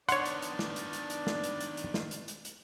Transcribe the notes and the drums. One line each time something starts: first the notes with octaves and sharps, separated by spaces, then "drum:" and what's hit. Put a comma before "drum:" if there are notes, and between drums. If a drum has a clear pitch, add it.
D#3 B3 D4 C#5 D5 F#5 C6, drum: hi-hat
drum: hi-hat
drum: hi-hat
drum: snare
drum: hi-hat
drum: hi-hat
drum: hi-hat
drum: snare
drum: hi-hat
drum: hi-hat
drum: hi-hat
drum: snare
drum: hi-hat
drum: hi-hat
drum: hi-hat